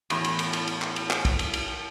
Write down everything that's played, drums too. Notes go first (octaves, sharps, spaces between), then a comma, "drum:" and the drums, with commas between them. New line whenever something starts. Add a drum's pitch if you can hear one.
E2 A2, drum: cymbal
drum: cymbal
drum: cymbal
drum: cymbal
drum: cymbal
drum: clap
drum: cymbal
drum: clap
drum: kick, cymbal
drum: cymbal
drum: cymbal